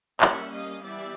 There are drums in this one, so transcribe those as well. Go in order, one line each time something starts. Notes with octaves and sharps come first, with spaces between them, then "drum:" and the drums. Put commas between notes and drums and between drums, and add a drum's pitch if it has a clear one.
G3 A#3 C#4 E5 F#5, drum: clap
D#5 F5
E3 G3 B3 D5 E5